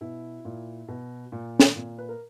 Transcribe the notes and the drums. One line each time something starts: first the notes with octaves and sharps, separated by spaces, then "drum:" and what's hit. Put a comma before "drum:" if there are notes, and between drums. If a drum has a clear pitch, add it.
B2 E4
A#2
B2
A#2
drum: snare
A#2
B4
A#4